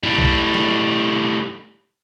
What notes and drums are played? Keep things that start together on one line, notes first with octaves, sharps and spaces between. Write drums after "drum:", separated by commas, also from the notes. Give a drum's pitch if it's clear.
A2 G3, drum: tom G#2
drum: kick B1
drum: snare